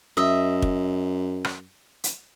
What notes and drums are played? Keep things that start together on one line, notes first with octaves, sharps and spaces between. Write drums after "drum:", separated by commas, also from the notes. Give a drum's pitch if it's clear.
F#2 D#5 E5
drum: kick
drum: rim click
drum: hi-hat